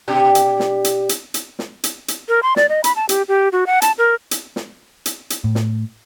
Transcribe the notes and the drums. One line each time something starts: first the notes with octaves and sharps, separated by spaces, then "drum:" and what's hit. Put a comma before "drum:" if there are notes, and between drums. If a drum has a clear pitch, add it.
B2 D4 G4
drum: hi-hat
drum: snare
drum: hi-hat
drum: hi-hat
drum: hi-hat
drum: snare
drum: hi-hat
drum: hi-hat
A#4
C6
D5, drum: snare
D#5
B5, drum: hi-hat
A5
G4, drum: hi-hat
G4
F#4
F#5
A5, drum: hi-hat
A#4
drum: hi-hat
drum: snare
drum: hi-hat
drum: hi-hat
A2
drum: snare